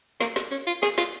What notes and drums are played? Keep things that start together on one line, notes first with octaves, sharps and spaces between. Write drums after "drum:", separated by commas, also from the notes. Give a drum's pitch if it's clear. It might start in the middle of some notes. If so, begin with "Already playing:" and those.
A#3, drum: snare
drum: snare
C#4, drum: tambourine
F4, drum: tambourine
G#4, drum: snare
F4, drum: snare